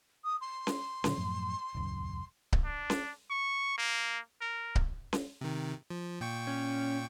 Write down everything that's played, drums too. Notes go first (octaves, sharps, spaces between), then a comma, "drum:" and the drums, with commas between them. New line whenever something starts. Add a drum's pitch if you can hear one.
D#6
C6
drum: snare C#4
A#2 D3 F#3, drum: snare C#4
F#2 A2 F3
D#1 C#2 F#2
drum: kick C#1
D4
drum: snare C#4
C#6
A#3
A#4
drum: kick C#1
drum: snare C#4
C3 D#3
F3
A#2 G5 C#6
C#4